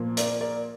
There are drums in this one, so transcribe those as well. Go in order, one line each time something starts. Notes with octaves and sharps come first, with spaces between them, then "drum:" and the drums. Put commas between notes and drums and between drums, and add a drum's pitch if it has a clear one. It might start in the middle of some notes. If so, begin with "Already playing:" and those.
Already playing: A#2 F3 A#3 F4
A#4 D5, drum: hi-hat
A#4 D5